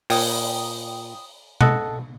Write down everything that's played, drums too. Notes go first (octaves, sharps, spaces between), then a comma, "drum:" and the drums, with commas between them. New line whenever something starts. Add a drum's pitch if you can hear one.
A#2 G5 D#6, drum: open hi-hat
A4 D#5 F#5 A5, drum: tom B2